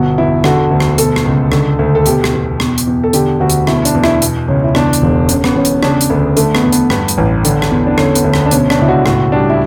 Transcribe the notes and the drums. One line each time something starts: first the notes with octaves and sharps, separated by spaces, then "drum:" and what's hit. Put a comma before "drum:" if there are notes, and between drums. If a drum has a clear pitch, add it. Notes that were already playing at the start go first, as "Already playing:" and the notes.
Already playing: G1 B2 F#4
E2 E4
D3 F#4, drum: rim click
D2
drum: rim click
B2 A4, drum: hi-hat
drum: rim click
C#2
D3, drum: rim click
D2
A4
B2 G4, drum: hi-hat
drum: rim click
E2
B2, drum: rim click
drum: hi-hat
E2
A4
D3 G4, drum: hi-hat
D2 F#4
drum: hi-hat
B2 E4, drum: rim click
D4, drum: hi-hat
E2
E4, drum: rim click
B2, drum: hi-hat
C#2 C#4
E4
E2 D4, drum: rim click
drum: hi-hat
E1
C#3, drum: hi-hat
B3, drum: rim click
E2 C#4
drum: hi-hat
C#3 D4, drum: rim click
drum: hi-hat
D2 B3
D3 A3, drum: hi-hat
B3, drum: rim click
E2
B3, drum: hi-hat
G2 B3, drum: rim click
drum: hi-hat
A1
D3, drum: hi-hat
drum: rim click
E2
D4
D3 C#4, drum: rim click
B3, drum: hi-hat
D2
B3, drum: rim click
D4
B2 C#4, drum: hi-hat
D4, drum: rim click
C#2 E4
F#4
A2 F#4, drum: rim click
G3 D4
E4